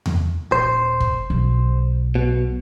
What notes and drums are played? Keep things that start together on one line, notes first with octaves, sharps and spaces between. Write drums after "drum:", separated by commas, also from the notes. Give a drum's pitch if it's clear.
drum: tom E2
D#1 C5
drum: kick
B1
B2